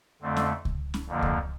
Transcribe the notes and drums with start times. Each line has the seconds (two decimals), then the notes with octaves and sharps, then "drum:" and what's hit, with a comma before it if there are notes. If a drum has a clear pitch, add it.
0.22 F2 D3 A3 C4
0.37 drum: snare C#4
0.65 drum: kick C#2
0.94 drum: snare C#4
1.08 F2 D3 F3 A#3
1.22 drum: kick C#2